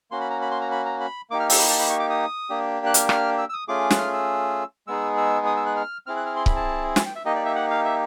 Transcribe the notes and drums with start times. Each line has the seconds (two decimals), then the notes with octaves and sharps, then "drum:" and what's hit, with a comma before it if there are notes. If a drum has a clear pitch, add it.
0.11 A#3 C#4 F#4 C6
0.21 B5
0.30 A#5
0.41 B5
0.51 C6
0.61 A#5
0.71 B5
0.86 A#5
1.01 B5
1.30 A#3 D#4 G4 D6
1.40 F6
1.50 E6, drum: open hi-hat
1.59 B5
1.70 A5
1.80 B5
1.90 C#6
1.99 D6
2.10 D#6
2.50 A#3 D4 G4
2.86 F#6
2.94 F6, drum: hi-hat
3.09 F6, drum: rim click
3.38 E6
3.49 E6
3.53 D#6
3.68 A3 C#4 F4 G#4 D6
3.91 F#6, drum: snare
3.98 F6
4.13 E6
4.87 G#3 B3 D#4 G#4 E6
5.17 E6
5.46 D#6
5.57 E6
5.66 F#6
5.77 F6
6.06 C4 E4 G#4 F6
6.16 F#6
6.26 F6
6.36 C6
6.46 B5, drum: kick C#1
6.56 A5
6.96 G#5, drum: snare
7.06 G5
7.16 E5
7.25 A#3 D#4 G4 D#5
7.36 D5
7.45 E5
7.55 F#5
7.70 F5
7.85 E5